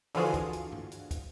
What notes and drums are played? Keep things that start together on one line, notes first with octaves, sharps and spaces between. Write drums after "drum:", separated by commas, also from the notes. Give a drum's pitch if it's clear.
D3 E3 F3 F4 F#4 G#4, drum: open hi-hat
drum: kick, hi-hat
drum: hi-hat
drum: tom G2
drum: hi-hat
drum: kick, hi-hat